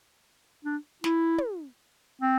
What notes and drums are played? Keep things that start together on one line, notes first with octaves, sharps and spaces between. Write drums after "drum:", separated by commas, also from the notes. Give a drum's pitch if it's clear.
D4
E4, drum: snare
drum: tom
C4